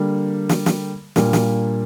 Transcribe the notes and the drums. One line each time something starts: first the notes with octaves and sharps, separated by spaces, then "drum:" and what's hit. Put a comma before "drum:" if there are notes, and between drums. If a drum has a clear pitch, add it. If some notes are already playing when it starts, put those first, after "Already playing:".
Already playing: D3 G3 A#3
drum: snare
drum: snare
A#2 G3 A#3 D4, drum: snare
drum: snare